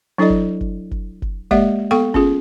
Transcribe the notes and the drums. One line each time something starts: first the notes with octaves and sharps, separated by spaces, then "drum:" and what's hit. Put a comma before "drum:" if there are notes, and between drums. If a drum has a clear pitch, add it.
F#3 D4 E4 A4 D5 D#5
drum: kick F#1
drum: kick F#1
drum: kick F#1
drum: kick F#1
G#3 A#3 G4 D5 E5 F#5, drum: kick F#1
B3 A4 G5 C#6
C#4 F4 G#4, drum: kick F#1